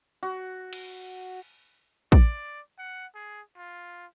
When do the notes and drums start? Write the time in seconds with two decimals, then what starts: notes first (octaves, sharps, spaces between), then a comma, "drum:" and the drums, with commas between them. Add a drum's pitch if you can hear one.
0.23 F#4
0.73 drum: cymbal
2.12 D5, drum: kick
2.78 F#5
3.15 G#4
3.57 F4